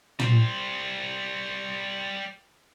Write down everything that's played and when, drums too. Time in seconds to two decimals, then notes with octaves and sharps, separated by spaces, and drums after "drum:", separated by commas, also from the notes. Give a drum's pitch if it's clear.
0.19 G3 C5, drum: tom